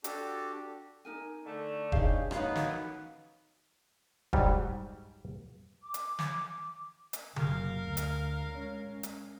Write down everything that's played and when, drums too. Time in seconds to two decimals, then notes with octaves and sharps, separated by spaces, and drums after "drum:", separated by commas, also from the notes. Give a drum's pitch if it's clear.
0.04 D4 F#4 G4 A4, drum: hi-hat
1.05 D#4 A#4 G#5
1.45 D3 A3
1.92 G2 C#4 D#4 G4 G#4 F5, drum: kick E1
2.31 A1 F#2 F#3 B3 D#4 C#5 F5, drum: rim click
2.55 drum: snare
4.33 G#2 F#3 G3, drum: kick E1
5.82 D6
5.94 drum: hi-hat
6.19 drum: snare
7.13 drum: hi-hat
7.36 F#1 A#4 F5, drum: tom C#3
7.84 D2
7.97 drum: hi-hat
8.48 G#3 C#4
9.03 drum: hi-hat